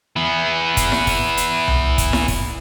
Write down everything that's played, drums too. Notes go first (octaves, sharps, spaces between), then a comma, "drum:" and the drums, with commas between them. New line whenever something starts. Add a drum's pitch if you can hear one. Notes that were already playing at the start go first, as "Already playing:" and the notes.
E3 B3
drum: kick, hi-hat
drum: snare E4
drum: kick, open hi-hat
drum: hi-hat
drum: tom C2
drum: kick, hi-hat
drum: snare E4
drum: kick, open hi-hat